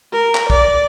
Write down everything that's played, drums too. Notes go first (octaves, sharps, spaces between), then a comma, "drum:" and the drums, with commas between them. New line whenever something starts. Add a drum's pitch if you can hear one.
A#4
drum: clap
D5, drum: kick